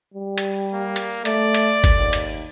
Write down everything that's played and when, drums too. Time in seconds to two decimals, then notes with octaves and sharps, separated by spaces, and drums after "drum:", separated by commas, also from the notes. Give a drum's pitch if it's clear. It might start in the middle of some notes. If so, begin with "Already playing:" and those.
0.14 G3
0.38 drum: hi-hat
0.74 A#3
0.96 drum: hi-hat
1.25 A3 D5, drum: hi-hat
1.54 drum: hi-hat
1.84 drum: kick G1, hi-hat
1.97 D#2
2.13 drum: hi-hat